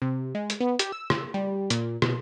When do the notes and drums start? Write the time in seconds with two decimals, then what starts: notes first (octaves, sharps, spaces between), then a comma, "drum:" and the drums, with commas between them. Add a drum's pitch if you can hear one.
0.02 C3
0.35 G#3
0.50 drum: hi-hat
0.60 B3
0.79 G4, drum: hi-hat
0.92 E6
1.10 drum: rim click
1.34 G3
1.70 A#2, drum: hi-hat
2.02 B2, drum: rim click